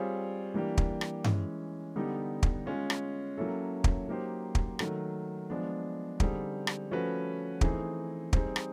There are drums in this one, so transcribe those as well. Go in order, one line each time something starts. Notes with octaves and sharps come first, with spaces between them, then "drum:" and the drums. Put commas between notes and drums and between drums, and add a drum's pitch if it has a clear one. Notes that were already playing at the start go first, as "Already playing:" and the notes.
Already playing: G3 C4 F4 G#4 C#5
E3 G3 A#3 D4 G4
drum: kick
drum: rim click
E3 G#3 C#4, drum: tom G2
D3 G3 B3 D#4 G4
drum: kick
G#3 C#4 F4
drum: rim click
F#3 A#3 C#4 E4 A4
drum: kick
F#3 A#3 D#4 G4 C5
drum: kick
D#3 F#3 A3, drum: rim click
F3 G#3 B3 D4
D3 G3 C4 D#4 G#4, drum: kick
drum: rim click
F3 A3 C#4 F#4 B4
E3 A3 C4 D#4 G#4, drum: kick
G3 C4 D#4 G#4, drum: kick
drum: rim click